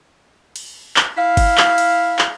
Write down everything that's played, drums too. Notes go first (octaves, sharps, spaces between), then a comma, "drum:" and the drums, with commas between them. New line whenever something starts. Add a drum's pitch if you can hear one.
drum: cymbal
drum: clap
E4 F5
drum: kick G1, cymbal
drum: clap
drum: cymbal
drum: clap